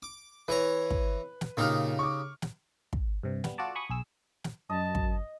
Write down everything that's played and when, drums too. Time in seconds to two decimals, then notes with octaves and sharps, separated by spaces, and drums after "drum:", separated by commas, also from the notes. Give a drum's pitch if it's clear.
0.03 D6
0.48 E3 B4 C#5 A#5
0.90 drum: kick
1.41 drum: snare
1.57 A#2 C#3 D#4 G4 F6
1.99 C#6 D6
2.42 drum: snare
2.93 drum: kick
3.23 G2 C3
3.44 G3 B3, drum: snare
3.58 F4 F#4 A4 D5 A5
3.75 G#5 B5 C#6 D#6
3.90 B1 G#4 E6
4.44 drum: snare
4.70 F#2 D#5 A5
4.95 drum: kick